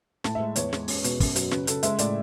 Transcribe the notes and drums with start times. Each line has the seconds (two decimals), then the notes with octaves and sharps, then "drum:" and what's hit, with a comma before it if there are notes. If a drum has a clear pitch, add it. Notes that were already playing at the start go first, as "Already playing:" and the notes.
0.24 A2 A5, drum: snare
0.35 G#3 E5
0.56 E2 C#5, drum: hi-hat
0.73 G#3, drum: snare
0.88 C#4, drum: open hi-hat
1.04 B2, drum: hi-hat
1.20 F#2, drum: kick, open hi-hat
1.36 F#3, drum: hi-hat
1.51 C#3 B4, drum: snare
1.67 C#3 A4, drum: hi-hat
1.83 G#3 E5, drum: hi-hat
1.99 A2 D5, drum: hi-hat